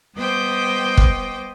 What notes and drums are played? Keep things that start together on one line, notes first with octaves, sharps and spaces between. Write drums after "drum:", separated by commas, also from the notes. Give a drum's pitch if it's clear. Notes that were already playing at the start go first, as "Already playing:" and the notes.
G3 B3 C5 D#5 G5 D6
drum: kick